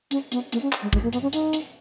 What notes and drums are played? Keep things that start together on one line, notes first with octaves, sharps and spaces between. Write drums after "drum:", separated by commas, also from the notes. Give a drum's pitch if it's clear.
C#4, drum: hi-hat
B3, drum: hi-hat
A#3, drum: hi-hat
C#4
drum: clap
G#3
G#3, drum: kick
A#3
B3, drum: hi-hat
C#4
D#4, drum: hi-hat
drum: hi-hat